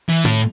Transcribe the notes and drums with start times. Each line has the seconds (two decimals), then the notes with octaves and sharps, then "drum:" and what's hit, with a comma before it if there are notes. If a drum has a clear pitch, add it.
0.10 E3
0.25 A2, drum: tom